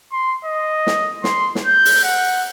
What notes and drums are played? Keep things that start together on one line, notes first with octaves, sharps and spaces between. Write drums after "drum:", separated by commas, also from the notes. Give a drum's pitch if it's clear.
C6
D#5
drum: snare
C6, drum: snare
drum: snare
G6
drum: open hi-hat
F#5